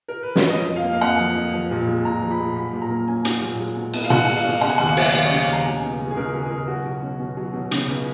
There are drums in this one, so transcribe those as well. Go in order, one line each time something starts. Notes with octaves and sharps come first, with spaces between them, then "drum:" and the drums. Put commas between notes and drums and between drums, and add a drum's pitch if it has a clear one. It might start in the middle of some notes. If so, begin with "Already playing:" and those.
A#4
B4
C#5, drum: snare
F3 D#5
F2
F5
A#3
F5
F2 F#5
F3
F2
F3
A#2
G#3
A#2 A#5
F3
B5
A#2
F#3 B5
A#2
A#5
A#3
C#4 G#5
F#3, drum: hi-hat
A#2
G#3
B2
B3, drum: cymbal
F5
B2 F#5, drum: tom
G#3
F5
B2
C#3 F#5
G#5
D#2 F#5
F5
F#3, drum: open hi-hat
D#2 F5
C#5
D#5
C#3
F5
D#2 A#5
B2 G#5
C#2
G#3
G#4
C#2 A#4
B2
G#4
C#2
F#3 F#4
B2
C#4
B2
F#3
B2
C#3, drum: hi-hat
C#2